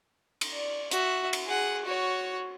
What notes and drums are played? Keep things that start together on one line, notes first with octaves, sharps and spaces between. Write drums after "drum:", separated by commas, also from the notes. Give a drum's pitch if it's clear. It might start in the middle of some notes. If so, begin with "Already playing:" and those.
drum: cymbal
D5
F#4 E5, drum: hi-hat
drum: cymbal
G#4 F#5
F#4 C#5